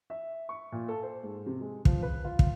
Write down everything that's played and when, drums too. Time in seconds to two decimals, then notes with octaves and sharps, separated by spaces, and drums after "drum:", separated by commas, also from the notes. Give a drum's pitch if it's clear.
0.10 E5
0.49 C#6
0.72 A#2
0.88 A4
1.03 C5
1.23 G#2
1.46 C3
1.61 G#3
1.85 F3, drum: kick
2.02 B4
2.24 F4
2.39 drum: kick